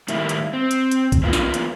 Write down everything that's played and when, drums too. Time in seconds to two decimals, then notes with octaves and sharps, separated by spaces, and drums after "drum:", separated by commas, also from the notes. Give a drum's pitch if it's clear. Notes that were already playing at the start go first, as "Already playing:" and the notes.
0.08 A2 D#3 G3 A3 A#3 E4, drum: hi-hat
0.29 drum: hi-hat
0.53 C4
0.71 drum: hi-hat
0.91 drum: hi-hat
1.12 drum: kick A#1, hi-hat
1.23 E3 A#3 B3 F4 A#4
1.33 drum: snare
1.54 drum: hi-hat